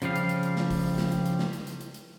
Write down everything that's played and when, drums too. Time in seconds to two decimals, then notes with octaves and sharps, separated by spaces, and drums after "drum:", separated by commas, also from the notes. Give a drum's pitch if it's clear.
0.02 C#3 F3 G3 F5, drum: hi-hat
0.15 drum: hi-hat
0.29 drum: hi-hat
0.43 drum: hi-hat
0.57 drum: snare
0.71 drum: kick, open hi-hat
0.98 drum: snare
1.12 drum: hi-hat
1.26 drum: hi-hat
1.39 drum: snare
1.53 drum: hi-hat
1.67 drum: hi-hat
1.81 drum: hi-hat
1.94 drum: hi-hat